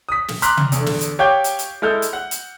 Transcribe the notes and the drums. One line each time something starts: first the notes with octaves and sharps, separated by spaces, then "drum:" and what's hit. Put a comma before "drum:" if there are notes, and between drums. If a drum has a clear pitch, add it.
D#6 B6
drum: snare
A#5 C6 D6 F6 F#6 B6, drum: hi-hat
drum: tom
E2 D3, drum: hi-hat
drum: snare
drum: hi-hat
G4 C#5 F5 G5 D6 G6
drum: hi-hat
drum: hi-hat
G#3 E4 A4 F6 G6
drum: hi-hat
F#5
drum: hi-hat